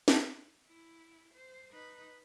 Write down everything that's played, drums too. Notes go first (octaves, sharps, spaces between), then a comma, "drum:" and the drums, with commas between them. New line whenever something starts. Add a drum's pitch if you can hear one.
drum: snare
E4
C5
D#4 B4